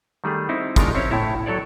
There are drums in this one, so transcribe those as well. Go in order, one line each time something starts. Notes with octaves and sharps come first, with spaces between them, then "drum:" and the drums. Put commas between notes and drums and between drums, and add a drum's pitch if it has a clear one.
D#3 G3 A3 G#4
C4 D#4 E4
C#3 F3 G#3 D4 D#4 A#4, drum: kick, hi-hat
C4 C#4 E4 C#5
A2 A3 E4 C#5
F#3 A4 C#5 D5